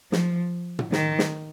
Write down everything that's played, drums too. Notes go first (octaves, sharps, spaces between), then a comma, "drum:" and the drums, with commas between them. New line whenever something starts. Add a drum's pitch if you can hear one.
F3, drum: snare
drum: tom
D#3, drum: snare
drum: snare